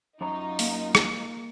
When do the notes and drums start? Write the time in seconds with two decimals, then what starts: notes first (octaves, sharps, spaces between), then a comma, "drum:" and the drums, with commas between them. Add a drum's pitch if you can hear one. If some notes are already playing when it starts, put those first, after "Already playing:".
0.21 F#2 D#4 F4 C#5 A#5
0.59 A#3, drum: open hi-hat
0.95 drum: rim click